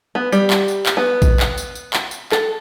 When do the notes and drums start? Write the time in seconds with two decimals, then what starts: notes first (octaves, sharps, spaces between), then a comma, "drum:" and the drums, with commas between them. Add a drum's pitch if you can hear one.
0.15 B3
0.32 G3, drum: tambourine
0.50 drum: clap
0.68 drum: tambourine
0.86 drum: clap
0.97 B3
1.22 drum: kick A#1, tambourine
1.40 drum: clap
1.58 drum: tambourine
1.75 drum: tambourine
1.93 drum: clap
2.11 drum: tambourine
2.32 A4, drum: clap